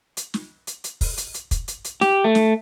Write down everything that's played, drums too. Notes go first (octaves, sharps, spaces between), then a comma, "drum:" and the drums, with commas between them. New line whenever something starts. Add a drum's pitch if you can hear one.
drum: hi-hat
drum: snare
drum: hi-hat
drum: hi-hat
drum: kick, open hi-hat
drum: hi-hat
drum: hi-hat
drum: kick, hi-hat
drum: hi-hat
drum: hi-hat
G4, drum: snare
A3
drum: snare